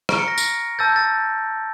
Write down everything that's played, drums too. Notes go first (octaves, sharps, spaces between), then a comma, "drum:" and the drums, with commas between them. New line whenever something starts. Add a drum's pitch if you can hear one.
A#5 C#6 F6 D7, drum: rim click
C#7
A#6
C#7, drum: tambourine
A5 E6 G6 A6
A6